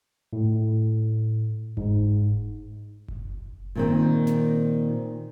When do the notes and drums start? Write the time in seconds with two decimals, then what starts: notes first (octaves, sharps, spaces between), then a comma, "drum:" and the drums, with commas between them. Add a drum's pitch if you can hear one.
0.33 A2
1.77 G#2, drum: kick F#1
3.08 drum: kick F#1
3.75 A#2 D#3 C4
4.27 drum: snare